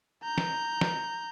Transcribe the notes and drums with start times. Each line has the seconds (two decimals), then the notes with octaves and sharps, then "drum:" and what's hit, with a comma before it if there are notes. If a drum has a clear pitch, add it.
0.23 A#5 G6
0.38 drum: snare
0.81 drum: snare